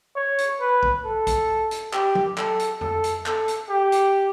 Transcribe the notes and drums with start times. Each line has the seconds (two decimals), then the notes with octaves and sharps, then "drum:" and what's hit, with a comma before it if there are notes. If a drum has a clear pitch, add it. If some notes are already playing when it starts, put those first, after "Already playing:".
0.16 C#5
0.38 drum: hi-hat
0.61 B4
0.83 drum: kick B1
1.05 A4
1.27 drum: kick B1, hi-hat
1.71 drum: hi-hat
1.93 G4, drum: clap
2.15 drum: tom
2.38 A4, drum: clap
2.59 drum: hi-hat
2.81 A4, drum: tom F2
3.04 drum: hi-hat
3.26 A4, drum: clap
3.48 drum: hi-hat
3.69 G4
3.92 drum: hi-hat